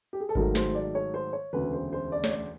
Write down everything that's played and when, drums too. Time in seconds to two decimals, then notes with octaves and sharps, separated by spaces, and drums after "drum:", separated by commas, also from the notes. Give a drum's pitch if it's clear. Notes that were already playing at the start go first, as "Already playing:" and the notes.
0.13 G4
0.20 G#4
0.29 A4
0.35 G#2 D#3 F#3 A3 A#4, drum: kick G#1
0.55 C5, drum: snare
0.74 D5
0.95 C#5
1.14 C5
1.33 C#5
1.53 E1 D2 C#3 B4
1.73 C5
1.93 C5
2.12 D5
2.24 C#5, drum: snare
2.30 D5